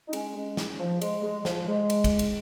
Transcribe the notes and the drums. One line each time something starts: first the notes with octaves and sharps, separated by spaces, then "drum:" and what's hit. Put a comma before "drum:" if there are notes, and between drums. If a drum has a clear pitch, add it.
D#4
G#3 C#4, drum: cymbal
G#3 C#4
drum: snare
F3
G#3, drum: cymbal
G#3
F3, drum: snare
G#3
drum: cymbal
drum: kick, cymbal
drum: cymbal